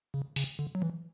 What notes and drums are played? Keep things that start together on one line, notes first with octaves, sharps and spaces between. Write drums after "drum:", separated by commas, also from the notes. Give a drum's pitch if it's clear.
C#3
C#3, drum: open hi-hat
D3
F#3
E3